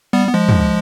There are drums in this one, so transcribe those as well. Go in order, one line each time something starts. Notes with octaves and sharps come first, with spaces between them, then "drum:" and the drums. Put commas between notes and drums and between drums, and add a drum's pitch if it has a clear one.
G3 B3
B3
F3 G#3
drum: tom